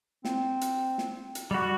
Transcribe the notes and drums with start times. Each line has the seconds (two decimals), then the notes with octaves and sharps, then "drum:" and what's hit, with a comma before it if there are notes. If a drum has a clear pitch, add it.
0.25 C4, drum: snare
0.61 drum: hi-hat
0.98 drum: snare
1.35 drum: hi-hat
1.51 G3 F#4